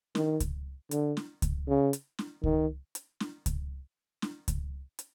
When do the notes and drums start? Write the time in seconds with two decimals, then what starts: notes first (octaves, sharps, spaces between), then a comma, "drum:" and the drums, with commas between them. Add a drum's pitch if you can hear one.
0.15 D#3, drum: snare
0.40 drum: kick C#2, hi-hat
0.91 D3, drum: hi-hat
1.17 drum: snare
1.42 drum: kick C#2, hi-hat
1.68 C#3
1.93 drum: hi-hat
2.19 drum: snare
2.44 D#3, drum: kick C#2
2.95 drum: hi-hat
3.20 drum: snare
3.46 drum: kick C#2, hi-hat
4.22 drum: snare
4.48 drum: kick C#2, hi-hat
4.99 drum: hi-hat